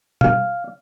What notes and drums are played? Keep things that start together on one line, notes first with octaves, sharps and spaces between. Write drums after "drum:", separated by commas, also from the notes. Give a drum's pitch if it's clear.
F5, drum: tom